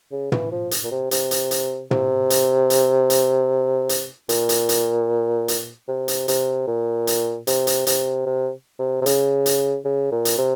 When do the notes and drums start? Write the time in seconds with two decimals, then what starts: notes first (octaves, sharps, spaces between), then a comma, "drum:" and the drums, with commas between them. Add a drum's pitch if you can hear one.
0.11 C#3
0.32 E3, drum: tom
0.52 F3
0.71 drum: hi-hat
0.84 A#2
0.91 C3
1.11 C3, drum: hi-hat
1.31 drum: hi-hat
1.51 drum: hi-hat
1.91 C3, drum: tom
2.30 drum: hi-hat
2.70 drum: hi-hat
3.10 drum: hi-hat
3.89 drum: hi-hat
4.29 A#2, drum: hi-hat
4.49 drum: hi-hat
4.69 drum: hi-hat
5.48 drum: hi-hat
5.88 C3
6.08 drum: hi-hat
6.28 C3, drum: hi-hat
6.68 A#2
7.07 drum: hi-hat
7.47 C3, drum: hi-hat
7.67 drum: hi-hat
7.87 C3, drum: hi-hat
8.26 C3
8.79 C3
9.02 C3
9.06 C#3, drum: hi-hat
9.46 drum: hi-hat
9.85 C#3
10.12 A#2
10.25 drum: hi-hat
10.38 C3